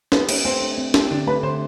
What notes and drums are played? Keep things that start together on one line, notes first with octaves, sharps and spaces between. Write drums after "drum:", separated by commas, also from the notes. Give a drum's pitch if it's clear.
B3 G4, drum: snare
A3, drum: cymbal
A3 C4
D4
C4
G4, drum: snare
D3 D4
A3 B4
D3 C5